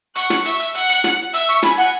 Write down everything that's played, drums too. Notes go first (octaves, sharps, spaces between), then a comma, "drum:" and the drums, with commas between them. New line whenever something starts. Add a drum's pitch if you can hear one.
F#5 C#6, drum: hi-hat
drum: snare
E5, drum: hi-hat
drum: hi-hat
F#5, drum: hi-hat
drum: hi-hat
drum: snare
E5 E6, drum: hi-hat
C#6, drum: hi-hat
G#5 B5, drum: snare
F#5, drum: open hi-hat